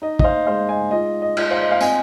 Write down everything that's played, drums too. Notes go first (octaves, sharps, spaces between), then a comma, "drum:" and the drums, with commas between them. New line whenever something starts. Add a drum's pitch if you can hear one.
D#4 D#5
D#5, drum: kick
C5 F5
G#3 C5 F5
D#5 G#5
F4 D#5
D#5
F4, drum: cymbal
C5 F5
D#5
F5
C4 D#5 G#5, drum: tambourine